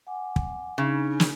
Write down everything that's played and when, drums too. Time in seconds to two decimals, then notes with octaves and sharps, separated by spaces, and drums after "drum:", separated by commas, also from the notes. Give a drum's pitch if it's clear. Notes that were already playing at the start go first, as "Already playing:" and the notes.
0.07 F#5 G#5 D6
0.36 drum: kick
0.78 C#3 D4 D#4
1.20 drum: snare